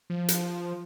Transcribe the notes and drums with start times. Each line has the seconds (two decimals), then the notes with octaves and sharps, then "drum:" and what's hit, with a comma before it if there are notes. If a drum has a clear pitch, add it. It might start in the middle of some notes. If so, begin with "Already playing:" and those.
0.10 F3
0.28 drum: hi-hat